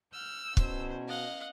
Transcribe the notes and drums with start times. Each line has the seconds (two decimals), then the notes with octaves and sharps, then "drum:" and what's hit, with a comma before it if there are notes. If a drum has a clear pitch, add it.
0.14 F#5 E6 F6 G6
0.57 E2 B2 C#4 C5, drum: kick
1.08 D#5 F5 F#5